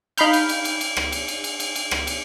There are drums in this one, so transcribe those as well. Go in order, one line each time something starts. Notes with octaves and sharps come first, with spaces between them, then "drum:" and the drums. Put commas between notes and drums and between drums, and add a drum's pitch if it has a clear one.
D#4 F5 B5 F6 G6, drum: cymbal
drum: cymbal
drum: cymbal
drum: cymbal
drum: cymbal
drum: rim click
drum: cymbal
drum: cymbal
drum: cymbal
drum: cymbal
drum: cymbal
drum: rim click
drum: cymbal